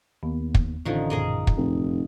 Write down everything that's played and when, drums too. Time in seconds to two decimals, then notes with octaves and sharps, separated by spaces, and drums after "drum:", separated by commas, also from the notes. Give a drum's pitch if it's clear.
0.23 D#2 B3
0.55 drum: kick
0.85 A1 D3 D#3 F3 C#4 D#4
1.10 F#2 A#2 D3 G#4 A#4 D#5
1.47 drum: kick
1.57 F1